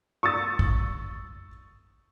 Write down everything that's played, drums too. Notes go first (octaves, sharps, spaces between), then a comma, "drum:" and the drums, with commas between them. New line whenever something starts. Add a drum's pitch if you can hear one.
C#6 D#6 E6 A6
drum: kick